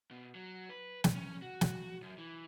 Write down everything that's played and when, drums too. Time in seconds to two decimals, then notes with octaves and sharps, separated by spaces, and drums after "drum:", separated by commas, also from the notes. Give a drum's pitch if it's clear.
0.11 B2
0.35 F#3
0.69 B4
1.04 drum: snare
1.15 C#4
1.42 F#4
1.61 drum: snare
2.02 F#2
2.18 E3